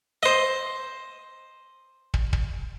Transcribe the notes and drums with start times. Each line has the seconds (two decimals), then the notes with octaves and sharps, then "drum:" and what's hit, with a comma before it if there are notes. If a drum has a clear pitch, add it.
0.23 C5 D#5
2.14 drum: kick
2.33 drum: kick